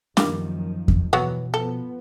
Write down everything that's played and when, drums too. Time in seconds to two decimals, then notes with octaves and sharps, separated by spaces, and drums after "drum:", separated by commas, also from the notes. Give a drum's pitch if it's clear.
0.17 F#2 D#3 F3 G3 A#3, drum: snare
0.88 drum: kick E2
1.13 B2 E3 F#3 B3
1.54 F3 B3 A4